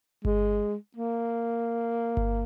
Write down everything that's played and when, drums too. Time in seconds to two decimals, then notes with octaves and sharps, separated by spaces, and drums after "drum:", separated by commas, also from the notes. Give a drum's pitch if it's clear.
0.25 G#3, drum: kick G1
0.97 A#3
2.17 drum: kick G1